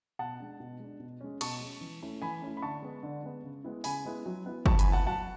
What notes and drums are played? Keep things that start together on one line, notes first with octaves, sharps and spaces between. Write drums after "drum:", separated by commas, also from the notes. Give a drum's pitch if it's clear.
B2 F#5 A5
G#3 D4
B2
G#3 D4
B2
G#3 C#4
B2 A5 C#6, drum: cymbal
G#3 C#4
E3
A3 C#4 E4
E3 G#5 B5
A3 C#4 E4
B5
D3 A5 C#6
G#3 B3
D3
G#3 B3
C#3
G#3 B3 E4
C#3 G#5 B5, drum: open hi-hat
G#3 B3 E4
F#3
B3 E4
F#3 A5 C#6, drum: kick
G#5 B5, drum: hi-hat
B3 E4
F#5 A5
F#3 F#5 A5